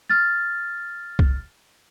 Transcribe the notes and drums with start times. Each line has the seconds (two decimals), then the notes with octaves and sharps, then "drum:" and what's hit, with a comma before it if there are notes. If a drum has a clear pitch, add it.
0.10 F6 A6
1.19 drum: kick C2